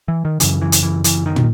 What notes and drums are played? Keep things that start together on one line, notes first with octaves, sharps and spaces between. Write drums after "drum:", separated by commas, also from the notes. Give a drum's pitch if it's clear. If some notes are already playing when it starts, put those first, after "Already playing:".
E3
D#3
F#2 C#3 E3, drum: hi-hat
E3
drum: hi-hat
E3
E3, drum: hi-hat
D#3
drum: tom